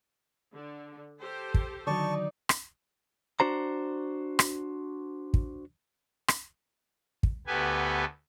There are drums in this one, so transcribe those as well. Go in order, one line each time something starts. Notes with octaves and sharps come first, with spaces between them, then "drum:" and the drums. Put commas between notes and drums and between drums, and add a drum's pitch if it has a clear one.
D3
G4 A4 C5
drum: kick
D3 D#3 F#3 D#4 D5 A5 C#6
drum: rim click
D4 F#4 C5 A#5
drum: rim click
drum: kick
drum: rim click
drum: kick
D2 B3 G4 A4 B4 G#5